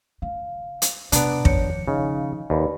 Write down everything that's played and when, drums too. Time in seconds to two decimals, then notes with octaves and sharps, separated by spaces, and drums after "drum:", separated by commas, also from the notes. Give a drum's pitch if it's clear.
0.22 C#3 F5
0.82 drum: hi-hat
1.12 C3 B3 D4 A#5 D6 D7, drum: hi-hat
1.45 D#3 F3 C#5 G6 C#7, drum: kick
1.88 C#3 D#4 D#5 F5
2.50 D#2 B4 D5 B5